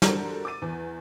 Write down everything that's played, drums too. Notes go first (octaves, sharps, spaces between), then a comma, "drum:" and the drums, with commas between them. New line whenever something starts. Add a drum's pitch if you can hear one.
G3 D4 F#4 A4 A#4 C5, drum: snare
D6 E6 A6 D#7
E2